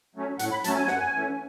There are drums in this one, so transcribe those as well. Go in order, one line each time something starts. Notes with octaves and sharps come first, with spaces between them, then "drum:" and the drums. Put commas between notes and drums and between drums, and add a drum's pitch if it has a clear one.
F#3 A3 C#4
A2 F#5, drum: hi-hat
B5
F#3 A3 C#4 A5, drum: hi-hat
G#5
F#2 F#5, drum: snare
G#5
E3 A3 C#4